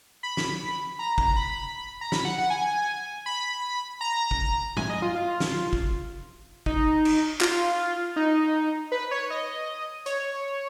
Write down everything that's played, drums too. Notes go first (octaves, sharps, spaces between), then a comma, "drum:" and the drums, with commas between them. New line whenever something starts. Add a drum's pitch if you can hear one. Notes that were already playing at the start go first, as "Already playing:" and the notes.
B5
drum: snare
A#5
A#5, drum: kick
B5
A#5
B5, drum: snare
F#5
F#5
G#5
B5
A#5
drum: kick
G#5, drum: tom
D#5
F4
F4
drum: snare
drum: kick
D#4, drum: kick
drum: cymbal
F4, drum: clap
D#4
B4
C#5
D#5
C#5, drum: hi-hat